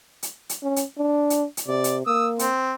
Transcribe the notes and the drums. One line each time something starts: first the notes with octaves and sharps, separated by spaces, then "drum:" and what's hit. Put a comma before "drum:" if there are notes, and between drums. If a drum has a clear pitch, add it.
drum: hi-hat
drum: hi-hat
C#4
drum: hi-hat
D4
drum: hi-hat
drum: hi-hat
C3 D5
drum: hi-hat
A#3 D#6 E6
C4, drum: hi-hat